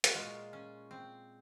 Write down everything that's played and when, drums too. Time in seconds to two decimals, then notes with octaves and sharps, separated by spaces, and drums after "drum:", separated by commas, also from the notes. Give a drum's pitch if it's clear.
0.04 F#4, drum: hi-hat
0.15 A#2 G#3 F4
0.53 C#4
0.91 C4